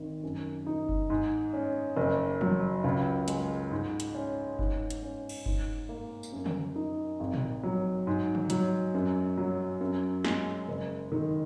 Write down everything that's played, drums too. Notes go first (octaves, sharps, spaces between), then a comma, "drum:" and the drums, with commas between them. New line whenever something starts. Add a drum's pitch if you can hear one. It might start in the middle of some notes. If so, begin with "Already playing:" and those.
Already playing: G#1 D#3
F#2
D#4
drum: kick F#1
G#2
C#4
F#1
F#3, drum: tom
C#2
G#3, drum: hi-hat
G#2
drum: hi-hat
C#4
G#2, drum: kick F#1
drum: hi-hat
C#4
drum: cymbal
G#2, drum: kick F#1
A#3
drum: tambourine
F#2
drum: tom C#3
D#4
G#1
drum: tom
F#3
G#2
drum: tom C#3
F#3, drum: hi-hat
F#2
F#3
F#2
G#3, drum: snare
F#1
D#3